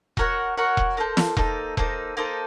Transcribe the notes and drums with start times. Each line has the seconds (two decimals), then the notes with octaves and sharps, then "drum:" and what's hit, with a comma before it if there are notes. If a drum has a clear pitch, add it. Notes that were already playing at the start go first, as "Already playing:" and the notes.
0.17 F#4 A#4 C#5 F#5, drum: kick E1
0.57 F#4 A#4 C#5 F#5
0.77 drum: kick E1
0.97 A#3 D#4 A4 C5
1.17 drum: snare
1.37 A#3 D#4 A4 C5, drum: kick E1
1.77 A#3 D#4 A4 C5, drum: kick E1
2.17 A#3 D#4 A4 C5